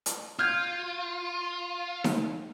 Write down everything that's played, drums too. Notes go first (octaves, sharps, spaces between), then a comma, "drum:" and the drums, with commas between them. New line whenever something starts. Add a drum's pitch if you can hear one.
drum: hi-hat
F4 F6 G6 G#6
drum: snare D#4